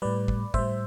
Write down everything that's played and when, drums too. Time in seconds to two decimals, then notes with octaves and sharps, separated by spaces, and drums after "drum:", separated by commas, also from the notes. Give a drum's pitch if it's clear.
0.02 A2 G3 B4 D5
0.28 drum: kick
0.54 A2 G3 C5 E5, drum: kick